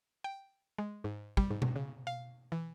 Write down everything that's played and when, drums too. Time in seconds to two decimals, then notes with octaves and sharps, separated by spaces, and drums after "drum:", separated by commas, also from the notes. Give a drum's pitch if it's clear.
0.24 G5
0.78 G#3
1.04 G#2
1.37 G3, drum: kick
1.51 G#2
1.62 drum: tom B2
1.76 C#3
2.07 F5
2.52 E3